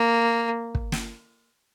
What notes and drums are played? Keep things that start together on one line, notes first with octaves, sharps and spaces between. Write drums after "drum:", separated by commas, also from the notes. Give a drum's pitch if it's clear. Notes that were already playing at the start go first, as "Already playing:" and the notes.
Already playing: A#3
drum: kick
drum: snare